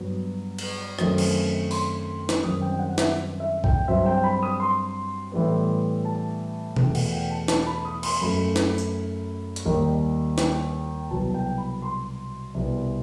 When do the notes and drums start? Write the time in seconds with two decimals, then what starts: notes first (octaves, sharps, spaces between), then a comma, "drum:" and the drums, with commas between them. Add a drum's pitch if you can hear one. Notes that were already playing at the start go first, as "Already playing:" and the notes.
Already playing: G2 F#3 B3
0.58 drum: cymbal
0.99 F#2 D#3 F#3 A3 C4 D#6, drum: rim click
1.18 drum: cymbal
1.71 C6, drum: open hi-hat
2.29 drum: snare
2.43 F#2 D#3 G3 C4 D#6
2.62 G5
2.79 F#5
2.91 F#5
2.98 E5, drum: snare
3.40 E5
3.64 G5, drum: kick C2
3.88 G2 F#3 C4 E5
4.06 G5
4.24 B5
4.43 D#6
4.60 C6
5.32 A2 E3 G3 B3
6.05 A5
6.76 E2 B2 A3 G5, drum: tom B2
6.95 F#5, drum: cymbal
7.13 G5
7.31 A5
7.48 A5, drum: snare
7.67 B5
7.85 D#6
8.03 C6, drum: cymbal
8.21 F#2 F#3 A3 B5
8.56 drum: snare
8.78 drum: tambourine
9.56 drum: hi-hat
9.65 D#2 D#3 G3
10.38 G5, drum: snare
11.10 C2 B2 F#3 B3 A5
11.34 G5
11.58 B5
11.82 C6
12.55 C2 B2 G3 B3